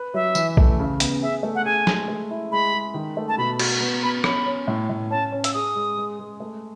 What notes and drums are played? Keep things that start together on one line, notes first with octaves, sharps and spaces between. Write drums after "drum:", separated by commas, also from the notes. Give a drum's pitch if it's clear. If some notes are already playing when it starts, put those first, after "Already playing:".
Already playing: B4
F#3 E5
E3, drum: tambourine
A3, drum: kick A#1
C#3
B3, drum: hi-hat
G#4 E5
A3
F#5
G#4 G#5
G#3, drum: snare
A3
E4
G#3 B5
G#3
D#3
A3
A5
B2 B5
F#4, drum: cymbal
B3
B3 B5
C#4 B5, drum: rim click
C#4
A2
A2
C#4 A5
C#4
E6, drum: hi-hat
G#4 D#6
G#3
G#3
G#3
A3